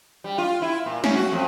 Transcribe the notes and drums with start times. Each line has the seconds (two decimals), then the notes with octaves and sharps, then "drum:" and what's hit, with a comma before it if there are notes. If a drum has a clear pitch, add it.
0.24 G3
0.38 F4
0.62 E4
0.86 A#2
1.04 C#4, drum: snare
1.16 F#4
1.32 F2